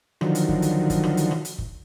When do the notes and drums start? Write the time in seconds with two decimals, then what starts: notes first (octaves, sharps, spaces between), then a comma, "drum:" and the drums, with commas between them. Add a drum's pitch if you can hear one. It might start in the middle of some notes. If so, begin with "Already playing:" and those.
0.21 D3 D#3 F3 F#3, drum: rim click
0.35 drum: hi-hat
0.49 drum: kick F#1
0.62 drum: hi-hat
0.90 drum: kick F#1, hi-hat
1.03 drum: rim click
1.17 drum: hi-hat
1.31 drum: rim click
1.45 drum: hi-hat
1.58 drum: kick F#1